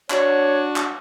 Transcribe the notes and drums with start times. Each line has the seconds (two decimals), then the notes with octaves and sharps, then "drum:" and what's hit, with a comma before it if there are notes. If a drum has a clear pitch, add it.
0.10 D4 F#4 C#5, drum: clap
0.76 drum: clap